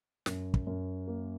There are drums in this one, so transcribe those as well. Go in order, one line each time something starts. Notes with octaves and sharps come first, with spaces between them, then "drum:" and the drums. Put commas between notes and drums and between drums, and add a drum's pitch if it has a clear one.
F#2, drum: snare
drum: kick
F#2
A#3